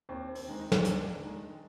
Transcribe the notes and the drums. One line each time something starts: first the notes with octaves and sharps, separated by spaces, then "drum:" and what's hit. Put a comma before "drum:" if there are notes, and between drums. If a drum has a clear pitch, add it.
D#2 C4
C4, drum: open hi-hat
D#3 G#3
D#4
drum: snare
D#2 D4, drum: hi-hat
D#3 G#3